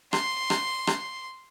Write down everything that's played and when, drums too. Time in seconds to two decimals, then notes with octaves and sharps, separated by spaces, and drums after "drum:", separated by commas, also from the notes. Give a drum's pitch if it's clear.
0.13 C6, drum: rim click
0.50 drum: rim click
0.87 drum: rim click